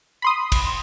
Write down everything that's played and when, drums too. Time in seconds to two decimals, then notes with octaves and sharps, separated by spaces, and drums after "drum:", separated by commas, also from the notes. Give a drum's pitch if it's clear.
0.22 B5 C6 D#6
0.52 drum: kick, cymbal